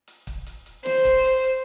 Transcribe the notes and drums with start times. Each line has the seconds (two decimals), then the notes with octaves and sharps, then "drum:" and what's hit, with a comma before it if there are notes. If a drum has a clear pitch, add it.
0.08 drum: hi-hat
0.27 drum: kick, hi-hat
0.47 drum: hi-hat
0.66 drum: hi-hat
0.85 C5, drum: snare
1.05 drum: kick, hi-hat
1.24 drum: hi-hat
1.44 drum: hi-hat